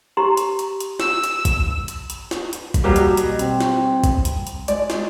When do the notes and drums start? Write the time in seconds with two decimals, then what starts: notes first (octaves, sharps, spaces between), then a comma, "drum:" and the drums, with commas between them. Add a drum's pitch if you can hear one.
0.17 G4 A#5 C6
0.37 drum: hi-hat
0.59 drum: hi-hat
0.80 drum: hi-hat
1.00 E6, drum: snare
1.24 drum: hi-hat
1.45 drum: kick, hi-hat
1.88 drum: hi-hat
2.10 drum: hi-hat
2.31 drum: snare
2.53 drum: hi-hat
2.74 drum: kick, hi-hat
2.84 B2 F#3 G3 A#3 G4
2.96 drum: hi-hat
3.17 drum: hi-hat
3.39 C4, drum: hi-hat
3.60 drum: snare
4.04 drum: kick, hi-hat
4.25 drum: hi-hat
4.47 drum: hi-hat
4.68 G#3 D5, drum: hi-hat
4.90 drum: snare